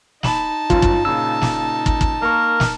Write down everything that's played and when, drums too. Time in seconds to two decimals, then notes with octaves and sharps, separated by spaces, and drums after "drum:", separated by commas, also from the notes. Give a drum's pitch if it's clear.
0.23 D#4 A5 B5 E7 F#7, drum: snare
0.70 G1 F#2 F4, drum: kick
0.82 drum: kick
1.05 A#2 C#3 E6
1.42 drum: snare
1.86 drum: kick
2.01 drum: kick
2.22 A#3 A#4 C#6
2.60 drum: snare